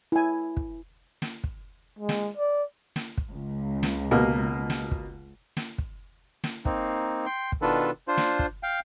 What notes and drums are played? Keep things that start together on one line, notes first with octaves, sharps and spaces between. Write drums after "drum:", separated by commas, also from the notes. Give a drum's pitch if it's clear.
E4 G#5
drum: kick
drum: snare
drum: kick
G#3
drum: snare
D5
drum: snare
drum: kick
C#2
drum: snare
B2 A#3
drum: snare
drum: kick
drum: snare
drum: kick
drum: snare
A#3 C4 D#4, drum: kick
G5 C6
drum: kick
B2 D#3 D4 F4 A4 B4
D4 F4 C5
drum: snare
drum: kick
F5 G5